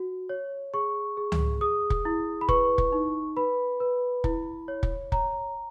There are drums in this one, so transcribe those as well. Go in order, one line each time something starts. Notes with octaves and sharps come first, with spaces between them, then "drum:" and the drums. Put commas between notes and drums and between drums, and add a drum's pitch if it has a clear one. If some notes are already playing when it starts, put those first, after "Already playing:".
Already playing: F#4
C#5
G#4 C#6
G#4
drum: tom C#2
G#4 D#6
drum: kick
E4
B5
B4 C#6, drum: kick
drum: kick
D#4
B4 B5
B4
E4, drum: kick
C#5
drum: kick
C#5 A#5, drum: kick